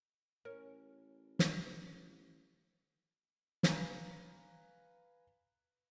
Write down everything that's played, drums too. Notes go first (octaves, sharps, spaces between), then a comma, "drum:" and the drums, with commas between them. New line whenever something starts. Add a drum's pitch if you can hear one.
A1 C#4 A#4
drum: snare
B4 F5 G#5 A#5, drum: snare